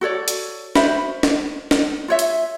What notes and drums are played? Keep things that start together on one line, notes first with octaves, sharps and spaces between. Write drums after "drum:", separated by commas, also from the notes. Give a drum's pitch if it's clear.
F#4 A4 C#5 D5
drum: hi-hat
F#4 C5 E5 B5, drum: snare
drum: snare
drum: snare
F4 C#5 E5
drum: hi-hat